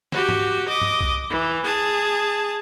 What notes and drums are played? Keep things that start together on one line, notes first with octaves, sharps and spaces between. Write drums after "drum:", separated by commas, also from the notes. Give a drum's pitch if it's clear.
F#4 G4, drum: snare
drum: tom G#2
D#5 D6
drum: tom
drum: kick
E3
G#4 A5